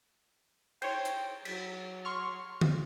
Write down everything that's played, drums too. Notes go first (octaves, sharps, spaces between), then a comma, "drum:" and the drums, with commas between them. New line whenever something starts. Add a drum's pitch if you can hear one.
C5 C#5 G5, drum: cymbal
drum: hi-hat
F#3 B6, drum: cymbal
C6 C#6 F6
drum: tom D3